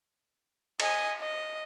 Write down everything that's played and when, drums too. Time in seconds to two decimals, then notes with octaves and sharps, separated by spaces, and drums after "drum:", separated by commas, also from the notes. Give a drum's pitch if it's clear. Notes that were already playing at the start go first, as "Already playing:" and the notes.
0.80 D#5 G#5, drum: cymbal
1.21 D#5